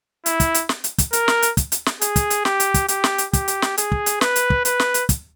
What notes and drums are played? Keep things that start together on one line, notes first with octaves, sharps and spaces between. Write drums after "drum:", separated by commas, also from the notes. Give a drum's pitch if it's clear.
E4, drum: hi-hat
drum: kick, hi-hat
drum: hi-hat
drum: snare
drum: hi-hat
drum: kick, hi-hat
A#4, drum: hi-hat
drum: snare
drum: hi-hat
drum: kick, hi-hat
drum: hi-hat
drum: snare
G#4, drum: hi-hat
drum: kick, hi-hat
drum: hi-hat
G4, drum: snare
drum: hi-hat
drum: kick, hi-hat
G4, drum: hi-hat
drum: snare
drum: hi-hat
G4, drum: kick, hi-hat
drum: hi-hat
drum: snare
G#4, drum: hi-hat
drum: kick
drum: hi-hat
B4, drum: snare
drum: hi-hat
drum: kick
B4, drum: hi-hat
drum: snare
drum: hi-hat
drum: kick, hi-hat